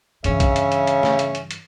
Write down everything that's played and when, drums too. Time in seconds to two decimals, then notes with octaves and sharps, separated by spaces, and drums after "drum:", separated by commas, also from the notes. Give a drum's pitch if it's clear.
0.24 G2 C#3 E3 C#4 E5, drum: hi-hat
0.40 drum: kick, hi-hat
0.56 drum: hi-hat
0.72 drum: hi-hat
0.87 drum: hi-hat
1.03 drum: snare
1.19 drum: hi-hat
1.35 drum: hi-hat
1.51 drum: hi-hat